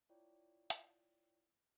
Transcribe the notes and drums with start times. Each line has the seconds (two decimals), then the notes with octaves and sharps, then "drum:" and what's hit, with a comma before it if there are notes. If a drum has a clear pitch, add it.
0.09 E4 F4 C#5 D5 G5
0.70 drum: hi-hat